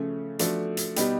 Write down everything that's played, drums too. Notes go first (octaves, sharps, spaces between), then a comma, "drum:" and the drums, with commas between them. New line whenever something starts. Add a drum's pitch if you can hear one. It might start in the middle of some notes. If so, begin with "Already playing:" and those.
Already playing: C#3 F3 A3 C#4
F3 A3 D4 F#4 A4, drum: hi-hat
drum: hi-hat
B2 G3 B3 D#4 G4, drum: hi-hat